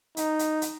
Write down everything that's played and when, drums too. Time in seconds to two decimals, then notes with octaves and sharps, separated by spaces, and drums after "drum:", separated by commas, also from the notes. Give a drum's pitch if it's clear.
0.17 D#4, drum: hi-hat
0.39 drum: hi-hat
0.62 drum: hi-hat